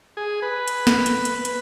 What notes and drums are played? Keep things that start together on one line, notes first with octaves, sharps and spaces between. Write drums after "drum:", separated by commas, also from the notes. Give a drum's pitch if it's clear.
G#4
B4
drum: hi-hat
drum: snare
drum: hi-hat
drum: hi-hat
B4, drum: hi-hat